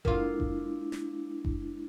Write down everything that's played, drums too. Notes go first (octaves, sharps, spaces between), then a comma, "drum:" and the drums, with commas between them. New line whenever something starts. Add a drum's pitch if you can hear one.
G#3 A#3 D4 E4 F4, drum: kick F#1
drum: kick F#1
drum: snare
drum: kick F#1